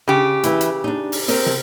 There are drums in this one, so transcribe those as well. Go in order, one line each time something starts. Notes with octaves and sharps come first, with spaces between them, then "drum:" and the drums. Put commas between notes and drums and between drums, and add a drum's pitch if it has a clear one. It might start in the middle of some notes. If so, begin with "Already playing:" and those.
C#3 G4
E3 E4, drum: hi-hat
drum: hi-hat
D4 D#4
drum: open hi-hat
C4 A#4 D#5, drum: open hi-hat
drum: tom